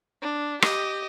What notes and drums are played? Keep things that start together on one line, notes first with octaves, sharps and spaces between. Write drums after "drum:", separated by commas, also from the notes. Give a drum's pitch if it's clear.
D4
G4 D#5, drum: rim click